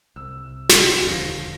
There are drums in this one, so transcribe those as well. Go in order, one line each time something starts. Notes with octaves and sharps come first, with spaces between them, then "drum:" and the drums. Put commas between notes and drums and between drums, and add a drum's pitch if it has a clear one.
C2 E6
drum: snare
E1 D#2 D3 F3 A#6 C7